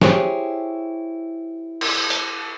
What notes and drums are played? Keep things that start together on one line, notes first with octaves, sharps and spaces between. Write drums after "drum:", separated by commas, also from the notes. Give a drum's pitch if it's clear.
E4 G4 G#4 C5 C#5, drum: snare
drum: cymbal
drum: hi-hat